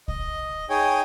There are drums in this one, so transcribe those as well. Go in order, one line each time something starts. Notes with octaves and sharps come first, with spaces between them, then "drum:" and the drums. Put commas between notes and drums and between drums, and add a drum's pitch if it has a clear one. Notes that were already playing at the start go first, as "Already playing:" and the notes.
D#5, drum: kick B1
D#4 G#4 C#5 G5 G#5 D#6